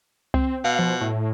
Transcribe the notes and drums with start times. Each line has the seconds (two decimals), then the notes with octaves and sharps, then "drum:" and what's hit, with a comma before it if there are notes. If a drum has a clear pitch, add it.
0.34 C4, drum: kick C2
0.64 B2 F5
0.79 F3
1.01 A2